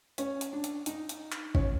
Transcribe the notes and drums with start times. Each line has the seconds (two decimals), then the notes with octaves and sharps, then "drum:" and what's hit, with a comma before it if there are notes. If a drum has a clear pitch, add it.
0.18 C#4, drum: hi-hat
0.41 drum: hi-hat
0.53 D4
0.64 drum: hi-hat
0.86 D#4, drum: hi-hat
1.09 drum: hi-hat
1.32 drum: clap
1.55 C#4, drum: kick